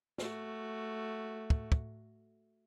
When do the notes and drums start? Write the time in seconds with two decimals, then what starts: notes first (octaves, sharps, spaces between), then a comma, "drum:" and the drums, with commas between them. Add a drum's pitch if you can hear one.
0.18 A3 F#4, drum: snare
1.50 drum: kick
1.72 drum: kick